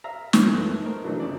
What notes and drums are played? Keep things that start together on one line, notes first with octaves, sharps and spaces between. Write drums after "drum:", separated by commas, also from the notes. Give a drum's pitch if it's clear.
E5 F5 A#5
C#4, drum: snare
F#2 E3 A3 F#6
A#4 C5 D#5
B2 E3 F#3 A3 D4 D#4
F2 C#3 D5